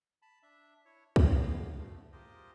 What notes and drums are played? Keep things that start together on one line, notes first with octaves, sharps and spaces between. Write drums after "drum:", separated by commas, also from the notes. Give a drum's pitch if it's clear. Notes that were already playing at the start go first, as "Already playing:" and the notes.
A5 B5
D4 E5
E4 C#5
B3 F5, drum: kick
A3
G#3 F4 G4 A#4 C5 D#5